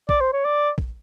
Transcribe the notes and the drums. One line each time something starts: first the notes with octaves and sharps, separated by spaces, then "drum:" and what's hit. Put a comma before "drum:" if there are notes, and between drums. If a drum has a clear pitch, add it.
D5, drum: kick A#1
C5
C#5
D5
drum: kick A#1